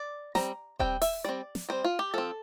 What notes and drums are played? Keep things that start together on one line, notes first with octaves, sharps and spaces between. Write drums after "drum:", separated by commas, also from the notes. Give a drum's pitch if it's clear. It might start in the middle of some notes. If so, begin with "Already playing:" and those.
Already playing: D5
G3 C4 A#5, drum: snare
G3 C4 G5, drum: kick D#1
E5, drum: open hi-hat
G3 C4 D5
drum: snare
G3 C4 C5
F4
G4
F3 C4 A4